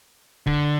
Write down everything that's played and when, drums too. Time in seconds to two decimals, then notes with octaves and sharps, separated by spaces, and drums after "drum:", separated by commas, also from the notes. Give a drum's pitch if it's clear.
0.47 D3, drum: kick